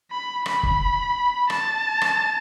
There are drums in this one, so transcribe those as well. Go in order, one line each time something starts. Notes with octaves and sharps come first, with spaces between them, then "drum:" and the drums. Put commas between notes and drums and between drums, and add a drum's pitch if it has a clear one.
B5
B5, drum: rim click
drum: kick
A5, drum: rim click
drum: rim click